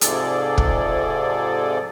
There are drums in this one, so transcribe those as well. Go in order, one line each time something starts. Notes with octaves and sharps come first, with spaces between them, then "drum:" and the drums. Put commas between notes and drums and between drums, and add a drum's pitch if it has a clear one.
G#2 C3 F3 G#4 A4 D5, drum: hi-hat
drum: kick